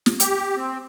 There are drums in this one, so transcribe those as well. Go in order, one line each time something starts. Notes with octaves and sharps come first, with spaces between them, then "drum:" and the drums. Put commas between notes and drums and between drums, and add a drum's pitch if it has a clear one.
drum: snare
G4, drum: hi-hat
C4